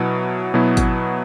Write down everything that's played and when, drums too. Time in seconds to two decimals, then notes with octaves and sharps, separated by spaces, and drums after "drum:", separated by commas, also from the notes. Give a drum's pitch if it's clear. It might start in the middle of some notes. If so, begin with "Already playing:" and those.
Already playing: B2 F#3 B3 E4
0.54 B2 F#3 B3 E4
0.77 drum: kick G#1, hi-hat